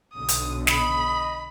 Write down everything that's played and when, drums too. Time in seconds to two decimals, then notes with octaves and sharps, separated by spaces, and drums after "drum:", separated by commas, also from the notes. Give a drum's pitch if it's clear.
0.14 B1 B2 D3 D#6
0.28 drum: hi-hat
0.67 D#5 B5, drum: snare